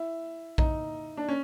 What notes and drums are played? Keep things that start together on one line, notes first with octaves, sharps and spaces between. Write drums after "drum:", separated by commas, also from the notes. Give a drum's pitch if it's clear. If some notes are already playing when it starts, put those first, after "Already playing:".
Already playing: E4
D#4, drum: kick A#1
D4
C#4